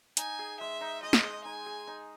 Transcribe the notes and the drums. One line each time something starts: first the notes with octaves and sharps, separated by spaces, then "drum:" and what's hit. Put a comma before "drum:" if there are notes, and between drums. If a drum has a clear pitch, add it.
D#4 G#5, drum: hi-hat
G#4
G#3 E5
D#4
G#3 D#5
drum: snare
G#3
D#4 G#5
G#4
D#4